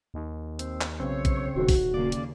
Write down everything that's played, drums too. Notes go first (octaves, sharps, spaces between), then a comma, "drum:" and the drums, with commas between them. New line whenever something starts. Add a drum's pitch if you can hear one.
D#2
C4, drum: hi-hat
drum: clap
B1 C#3 C4 C#5
drum: kick A#1, hi-hat
D#1 F#4
drum: kick A#1, open hi-hat
D#2 C#3 A#3 D5
drum: hi-hat